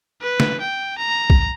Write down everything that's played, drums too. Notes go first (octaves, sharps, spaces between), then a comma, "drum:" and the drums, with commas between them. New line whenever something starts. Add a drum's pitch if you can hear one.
B4
drum: snare
G5
A#5
drum: kick A#1